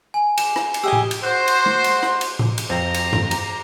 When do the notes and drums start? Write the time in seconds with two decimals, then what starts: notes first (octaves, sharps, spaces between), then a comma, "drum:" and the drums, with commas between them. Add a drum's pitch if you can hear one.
0.14 G#5
0.38 E7, drum: cymbal
0.56 drum: rim click
0.74 drum: cymbal
0.83 G4 D#5 G#5 E6 G7
0.93 drum: tom A2
1.11 drum: cymbal
1.24 F#4 C5
1.48 drum: cymbal
1.66 drum: tom G#3
1.84 drum: cymbal
2.03 drum: rim click
2.21 drum: cymbal
2.39 drum: tom A2
2.58 drum: cymbal
2.70 F2 C4 A#5
2.94 drum: cymbal
3.13 drum: tom G2
3.31 drum: cymbal